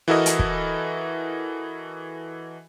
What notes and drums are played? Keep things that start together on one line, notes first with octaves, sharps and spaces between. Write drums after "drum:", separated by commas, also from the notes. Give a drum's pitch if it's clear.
E3 E4 F#4 A4 A#4 D#5
drum: hi-hat
drum: kick